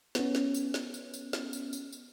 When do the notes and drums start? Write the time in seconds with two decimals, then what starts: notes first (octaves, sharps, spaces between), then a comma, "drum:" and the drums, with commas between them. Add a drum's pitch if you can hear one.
0.15 B3 C#4, drum: snare
0.35 drum: snare
0.54 drum: tambourine
0.74 drum: snare
0.94 drum: tambourine
1.14 drum: tambourine
1.33 drum: snare
1.53 drum: tambourine
1.73 drum: tambourine
1.92 drum: tambourine